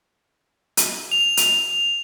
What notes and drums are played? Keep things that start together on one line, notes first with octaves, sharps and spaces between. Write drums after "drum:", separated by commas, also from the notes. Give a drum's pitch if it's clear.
drum: hi-hat
F7
drum: hi-hat